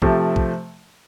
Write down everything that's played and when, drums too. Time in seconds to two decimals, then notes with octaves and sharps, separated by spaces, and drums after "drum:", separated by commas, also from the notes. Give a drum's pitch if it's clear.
0.02 C3 F3 A3 C4, drum: kick A#1
0.36 drum: kick A#1